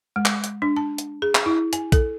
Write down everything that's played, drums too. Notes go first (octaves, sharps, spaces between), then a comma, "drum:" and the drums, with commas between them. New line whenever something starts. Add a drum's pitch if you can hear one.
G#3
drum: clap
drum: hi-hat
D4
A5
drum: hi-hat
G#4
drum: clap
E4
G#5, drum: hi-hat
A4, drum: kick, hi-hat